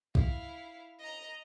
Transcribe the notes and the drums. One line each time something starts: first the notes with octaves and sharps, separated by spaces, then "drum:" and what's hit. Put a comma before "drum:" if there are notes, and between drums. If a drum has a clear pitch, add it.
E4 F5, drum: kick
D#5 A#5